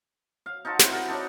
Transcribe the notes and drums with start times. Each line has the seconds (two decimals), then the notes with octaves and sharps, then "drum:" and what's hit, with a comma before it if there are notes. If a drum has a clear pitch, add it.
0.46 F5
0.65 D#4 F4 F#4 A4
0.79 C4 E4 F#5, drum: snare
0.93 A#4
1.08 D4 D#4 A4